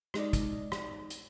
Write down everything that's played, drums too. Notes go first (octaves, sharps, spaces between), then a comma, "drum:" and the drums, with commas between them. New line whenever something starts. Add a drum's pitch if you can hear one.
G#3 D#4 D5, drum: rim click
drum: kick, hi-hat
drum: rim click
drum: hi-hat